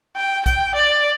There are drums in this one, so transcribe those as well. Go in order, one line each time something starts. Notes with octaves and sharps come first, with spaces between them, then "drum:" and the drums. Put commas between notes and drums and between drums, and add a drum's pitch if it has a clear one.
G5
G5, drum: kick B1, hi-hat
D5